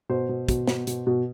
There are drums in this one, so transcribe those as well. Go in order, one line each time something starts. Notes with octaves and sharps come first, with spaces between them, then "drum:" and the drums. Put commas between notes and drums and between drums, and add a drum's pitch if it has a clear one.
B2 C5
B2
B2, drum: kick, hi-hat
B2, drum: snare
B2, drum: hi-hat
B2